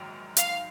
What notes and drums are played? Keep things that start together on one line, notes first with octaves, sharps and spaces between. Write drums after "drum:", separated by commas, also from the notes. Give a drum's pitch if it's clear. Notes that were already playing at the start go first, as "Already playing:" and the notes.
Already playing: A#1 G#2 D#3 F#3
F5, drum: hi-hat